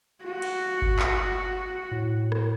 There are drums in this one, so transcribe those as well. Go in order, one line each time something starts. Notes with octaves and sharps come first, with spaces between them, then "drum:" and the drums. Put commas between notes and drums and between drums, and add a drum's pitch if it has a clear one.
F#4
drum: cymbal
drum: kick G1
drum: clap
A2
drum: rim click